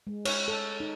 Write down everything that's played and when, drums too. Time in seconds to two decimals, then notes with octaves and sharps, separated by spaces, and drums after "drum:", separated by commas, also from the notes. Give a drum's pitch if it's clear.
0.07 G#3
0.25 C#5, drum: cymbal
0.48 A4
0.80 D#4